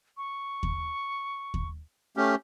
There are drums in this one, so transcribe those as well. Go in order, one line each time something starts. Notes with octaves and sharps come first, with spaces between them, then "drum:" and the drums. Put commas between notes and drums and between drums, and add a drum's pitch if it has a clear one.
C#6
drum: kick D#2
drum: kick D#2
A3 C#4 G4 F6